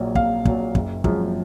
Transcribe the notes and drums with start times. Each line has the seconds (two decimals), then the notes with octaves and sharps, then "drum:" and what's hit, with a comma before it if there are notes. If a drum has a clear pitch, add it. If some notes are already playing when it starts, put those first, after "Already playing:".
Already playing: A#1 A#2 F#3
0.15 A#1 F5, drum: kick
0.45 A#2 F#3, drum: kick
0.75 F#1, drum: kick
1.04 F#2 F3 G#3, drum: kick